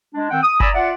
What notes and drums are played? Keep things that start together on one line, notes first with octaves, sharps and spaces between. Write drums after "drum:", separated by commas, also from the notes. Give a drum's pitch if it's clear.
G#3 D4
D#3 C4 F#5 G5
D#6
D5 G#5 A#5 B5 D#6 E6, drum: kick F#1
F4 D5 E5 F#5